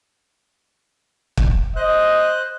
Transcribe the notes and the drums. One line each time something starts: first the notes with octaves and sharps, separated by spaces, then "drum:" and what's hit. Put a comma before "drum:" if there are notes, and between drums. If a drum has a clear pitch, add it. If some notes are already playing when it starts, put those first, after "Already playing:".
drum: kick
C5 D#5 F#6